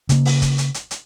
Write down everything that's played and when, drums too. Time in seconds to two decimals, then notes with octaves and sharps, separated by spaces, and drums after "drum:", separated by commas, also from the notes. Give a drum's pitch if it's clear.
0.09 C#3 A#3, drum: hi-hat
0.25 drum: open hi-hat
0.42 drum: kick, hi-hat
0.58 drum: hi-hat
0.74 drum: hi-hat
0.91 drum: hi-hat